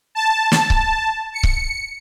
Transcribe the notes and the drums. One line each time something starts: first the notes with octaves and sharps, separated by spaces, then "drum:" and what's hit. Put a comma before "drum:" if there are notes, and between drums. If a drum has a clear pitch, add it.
A5
drum: snare
drum: kick C#1
C#7
drum: kick C#1